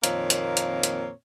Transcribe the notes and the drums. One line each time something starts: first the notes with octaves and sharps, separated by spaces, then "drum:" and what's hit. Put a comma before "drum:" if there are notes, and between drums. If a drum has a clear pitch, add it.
F2 A#2 D#3 A#3 C4 C#5, drum: hi-hat
drum: hi-hat
drum: hi-hat
drum: hi-hat